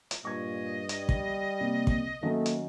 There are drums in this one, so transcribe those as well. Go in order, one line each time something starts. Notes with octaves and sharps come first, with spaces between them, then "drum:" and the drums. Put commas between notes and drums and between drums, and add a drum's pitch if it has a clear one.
drum: hi-hat
G2 A#2 D#5 C#6 G#6
G3, drum: hi-hat
drum: kick
C3 A#3
drum: kick
D#3 F#3 A3 A#3 C#4
drum: hi-hat